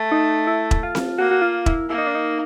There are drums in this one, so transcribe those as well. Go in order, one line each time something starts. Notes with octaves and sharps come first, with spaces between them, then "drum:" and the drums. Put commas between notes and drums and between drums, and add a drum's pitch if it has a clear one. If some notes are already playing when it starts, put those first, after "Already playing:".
Already playing: A3
D#4
E4
drum: kick E1
F4
drum: snare C4
A#3 F#4
F#4
F4
E4, drum: kick E1
A#3 E4
D#4
D4
D#4